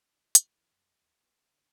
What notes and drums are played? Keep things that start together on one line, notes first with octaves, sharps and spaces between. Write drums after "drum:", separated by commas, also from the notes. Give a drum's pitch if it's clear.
D#4
D#3, drum: hi-hat
E3
F#2
D#2
B3
G#4
D3